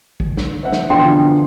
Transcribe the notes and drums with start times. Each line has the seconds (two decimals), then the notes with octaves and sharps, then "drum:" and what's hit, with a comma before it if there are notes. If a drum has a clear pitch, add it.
0.20 drum: kick
0.37 drum: snare
0.63 C4 E5 F#5
0.73 drum: snare
0.90 B2 D3 E3 F3 G5 C6